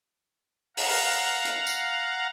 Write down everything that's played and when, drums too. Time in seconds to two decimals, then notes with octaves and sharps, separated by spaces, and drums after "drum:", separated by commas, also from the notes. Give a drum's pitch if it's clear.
0.77 F5 F#5 A#5, drum: open hi-hat
1.45 drum: hi-hat
1.67 drum: tambourine